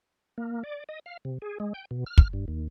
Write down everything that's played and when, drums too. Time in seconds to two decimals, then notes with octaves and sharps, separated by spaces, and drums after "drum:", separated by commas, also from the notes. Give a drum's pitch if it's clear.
0.38 A#3
0.64 D5
0.89 D#5
1.06 F5
1.25 C3
1.42 G#4
1.60 G#3
1.74 G5
1.91 B2
2.07 F6
2.18 drum: kick
2.33 G2
2.48 D#2